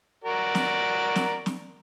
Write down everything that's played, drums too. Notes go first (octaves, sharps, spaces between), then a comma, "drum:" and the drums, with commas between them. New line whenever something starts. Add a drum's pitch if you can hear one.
F#4 A#4 D5
drum: snare
drum: snare
drum: snare